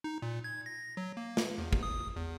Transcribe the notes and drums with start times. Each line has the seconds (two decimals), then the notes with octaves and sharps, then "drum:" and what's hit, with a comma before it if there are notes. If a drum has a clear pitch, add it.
0.04 D#4
0.22 A#2
0.44 G#6
0.66 A#6
0.97 F#3
1.17 A#3
1.37 drum: snare
1.58 E2
1.73 drum: kick
1.83 D#6
2.16 E2